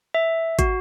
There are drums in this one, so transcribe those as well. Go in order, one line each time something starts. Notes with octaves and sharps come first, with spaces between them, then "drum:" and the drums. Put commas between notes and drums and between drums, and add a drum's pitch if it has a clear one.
E5
F#4, drum: kick, hi-hat